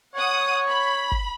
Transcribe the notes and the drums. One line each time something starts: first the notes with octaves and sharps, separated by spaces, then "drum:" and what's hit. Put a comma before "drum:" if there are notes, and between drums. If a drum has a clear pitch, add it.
C#5 F#5 D#6
B5
drum: kick